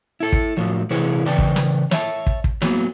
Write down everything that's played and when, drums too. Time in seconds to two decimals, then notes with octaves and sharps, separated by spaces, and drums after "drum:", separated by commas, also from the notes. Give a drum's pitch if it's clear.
0.20 E4 A4
0.33 drum: kick
0.57 A2 F3 F#3
0.90 C3 E3 E4 G#4 B4 C#5
1.26 C#3 E3 B4 D5 G5 A5
1.38 drum: kick
1.56 drum: snare
1.91 C#5 E5 A5, drum: snare
2.27 drum: kick
2.44 drum: kick
2.62 F#3 A#3 B3, drum: snare